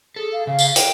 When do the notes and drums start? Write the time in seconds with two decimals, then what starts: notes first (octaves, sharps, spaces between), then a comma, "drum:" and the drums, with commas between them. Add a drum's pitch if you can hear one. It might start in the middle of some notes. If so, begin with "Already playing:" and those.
0.16 G#4 A4
0.32 F5
0.47 C#3 F5
0.59 drum: tambourine
0.76 B4 G5, drum: hi-hat